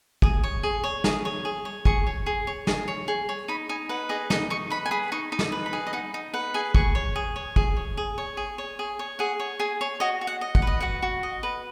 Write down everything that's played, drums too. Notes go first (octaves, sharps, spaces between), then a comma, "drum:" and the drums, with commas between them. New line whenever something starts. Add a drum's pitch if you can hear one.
G#4 D#6, drum: kick
C#5
G#4
C#5
G#4 D#6, drum: snare
C#5
G#4
C#5
G#4 C#6, drum: kick
C#5
G#4
C#5
G#4, drum: snare
C#5
G#4
C#5
D#4 B5
D#4 G#5
B4 F#5
G#4 D#5
D#4 D#5, drum: snare
D#4 C#6
B4 B5
G#5
G#4 B5
D#4 C#6
D#4
D#6, drum: snare
B4
B5
G#4
D#5
D#4 F#5
D#4
B4 F#5
G#4 G#5
G#4 C#6, drum: kick
C#5
G#4
C#5
G#4, drum: kick
C#5
G#4
C#5
G#4
C#5
G#4
C#5
G#4 F#5
C#5
G#4 G#5
C#5
F#4 D#5
F#4
F#5
D#5
F#5, drum: kick
B4
D#5
F#4 F#5
F#4
D#5
B4